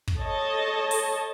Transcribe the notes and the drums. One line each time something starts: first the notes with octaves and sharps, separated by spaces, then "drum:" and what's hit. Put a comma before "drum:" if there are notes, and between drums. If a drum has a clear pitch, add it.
drum: kick
A4 C#5 D#5 A5
drum: open hi-hat